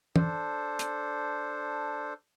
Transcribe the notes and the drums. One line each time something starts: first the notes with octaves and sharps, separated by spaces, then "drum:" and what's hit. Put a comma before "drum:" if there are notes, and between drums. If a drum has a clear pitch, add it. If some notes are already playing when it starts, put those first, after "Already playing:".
D4 A4 C5, drum: tom
drum: hi-hat